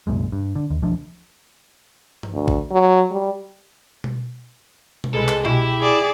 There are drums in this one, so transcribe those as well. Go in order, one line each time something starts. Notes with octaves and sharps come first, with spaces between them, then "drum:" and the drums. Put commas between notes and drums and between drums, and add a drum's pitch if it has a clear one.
C2 F#2 A#2 G#3
G2
D3
D#2
E1 D2 F3 D4
drum: tom G2
D2
drum: kick
F#3
G3
drum: tom B2
drum: tom B2
C2 G#3 A4 B4
drum: clap
B2 E4 G4
G#4 D5